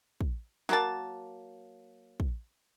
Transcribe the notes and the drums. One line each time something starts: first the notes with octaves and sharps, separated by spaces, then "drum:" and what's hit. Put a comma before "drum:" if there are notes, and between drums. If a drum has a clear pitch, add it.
drum: kick
F#3 A#3 A5, drum: snare
drum: kick